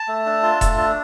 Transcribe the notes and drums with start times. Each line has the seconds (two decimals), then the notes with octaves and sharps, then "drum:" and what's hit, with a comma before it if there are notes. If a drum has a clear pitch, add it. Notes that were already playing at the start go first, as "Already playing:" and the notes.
Already playing: A5
0.08 A3
0.26 D4
0.43 F4
0.61 A3, drum: kick E1, hi-hat
0.77 D4